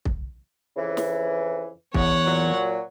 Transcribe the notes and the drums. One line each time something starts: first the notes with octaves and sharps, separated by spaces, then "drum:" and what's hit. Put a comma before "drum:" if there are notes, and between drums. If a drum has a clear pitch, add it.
drum: kick
F2 C#3 E3
drum: snare
E2 C#5 F#5, drum: kick
A#2 F#3